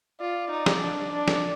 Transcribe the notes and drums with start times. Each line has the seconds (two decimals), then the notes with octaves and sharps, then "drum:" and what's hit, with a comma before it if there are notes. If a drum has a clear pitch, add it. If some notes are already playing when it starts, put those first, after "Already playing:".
0.21 F4 D5
0.51 D#4
0.66 drum: snare
0.82 D4
1.12 D4
1.28 drum: snare